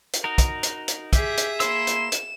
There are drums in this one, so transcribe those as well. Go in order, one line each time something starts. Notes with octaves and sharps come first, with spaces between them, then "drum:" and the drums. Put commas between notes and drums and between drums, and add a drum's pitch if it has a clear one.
drum: hi-hat
D#4 F#4 A#4
drum: kick, hi-hat
drum: hi-hat
drum: hi-hat
G4 G#4 E5, drum: kick, hi-hat
drum: hi-hat
A#3 E4 C6 E6 E7, drum: hi-hat
drum: hi-hat
drum: hi-hat